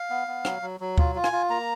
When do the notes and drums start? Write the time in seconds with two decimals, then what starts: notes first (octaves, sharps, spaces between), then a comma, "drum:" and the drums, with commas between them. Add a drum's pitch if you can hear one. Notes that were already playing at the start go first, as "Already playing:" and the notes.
Already playing: F5
0.10 B3
0.28 B3
0.45 F#3, drum: rim click
0.62 F#3
0.80 F#3
0.98 F4, drum: kick
1.15 F4
1.24 G#5, drum: rim click
1.32 F4
1.50 A#3 A#5